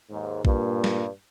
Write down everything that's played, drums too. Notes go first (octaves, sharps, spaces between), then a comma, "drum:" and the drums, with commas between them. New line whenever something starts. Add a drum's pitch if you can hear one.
D#2 G#2
G2 A#2, drum: kick A#1
drum: snare